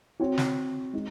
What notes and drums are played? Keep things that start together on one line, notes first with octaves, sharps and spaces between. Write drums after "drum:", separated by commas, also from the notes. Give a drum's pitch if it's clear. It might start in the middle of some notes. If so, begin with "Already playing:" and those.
C4 F#4 C#5
drum: snare
G#3 D#4